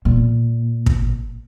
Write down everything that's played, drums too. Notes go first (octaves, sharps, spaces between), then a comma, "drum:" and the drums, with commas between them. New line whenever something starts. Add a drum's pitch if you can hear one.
A#2
drum: kick